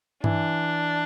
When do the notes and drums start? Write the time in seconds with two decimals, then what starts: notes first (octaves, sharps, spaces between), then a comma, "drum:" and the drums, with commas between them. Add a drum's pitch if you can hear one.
0.24 E3 D4, drum: tom G2